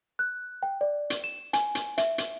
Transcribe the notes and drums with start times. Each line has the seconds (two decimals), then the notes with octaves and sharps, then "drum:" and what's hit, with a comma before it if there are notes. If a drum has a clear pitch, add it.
0.19 F#6
0.63 G5
0.81 D5
1.10 drum: hi-hat
1.24 E7
1.53 G#5, drum: hi-hat
1.75 drum: hi-hat
1.98 E5, drum: hi-hat
2.18 drum: hi-hat